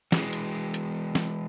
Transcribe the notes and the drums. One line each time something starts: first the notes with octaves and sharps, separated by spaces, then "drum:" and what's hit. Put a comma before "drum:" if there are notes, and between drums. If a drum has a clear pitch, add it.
E3 G#3, drum: snare
drum: hi-hat
drum: hi-hat
drum: snare